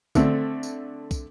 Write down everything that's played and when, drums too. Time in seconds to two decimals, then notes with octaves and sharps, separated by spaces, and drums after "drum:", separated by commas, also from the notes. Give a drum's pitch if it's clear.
0.15 D3 A3 C4, drum: kick, tambourine
0.63 drum: tambourine
1.11 drum: kick, tambourine